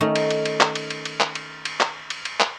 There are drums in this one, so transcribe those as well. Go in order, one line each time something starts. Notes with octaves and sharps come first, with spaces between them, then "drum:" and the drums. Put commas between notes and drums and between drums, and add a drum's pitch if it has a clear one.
D#3 A3 C#4 D#4
drum: cymbal
drum: cymbal
drum: cymbal
drum: clap
drum: cymbal
drum: cymbal
drum: cymbal
drum: clap
drum: cymbal
drum: cymbal
drum: clap
drum: cymbal
drum: cymbal
drum: clap